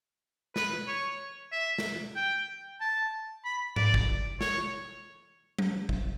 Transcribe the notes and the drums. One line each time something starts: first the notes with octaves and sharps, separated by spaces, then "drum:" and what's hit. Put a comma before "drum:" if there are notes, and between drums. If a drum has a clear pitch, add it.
B4, drum: snare
C#5
E5
drum: snare
G5
A5
B5
D5, drum: tom G#2
drum: kick
C#5, drum: snare
drum: tom F#3
drum: kick